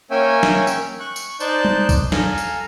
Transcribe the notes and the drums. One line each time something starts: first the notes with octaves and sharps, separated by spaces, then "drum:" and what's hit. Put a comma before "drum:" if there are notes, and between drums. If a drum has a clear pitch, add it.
A#3 C#4 C#5 E5 G5 G#5
drum: snare
drum: tambourine
C#6 F#6
drum: tambourine
D#4 C5 D5 A5 F#6 G6, drum: tambourine
drum: tom G3
drum: kick, tambourine
A4 F5 G#5 A#5, drum: snare
drum: tambourine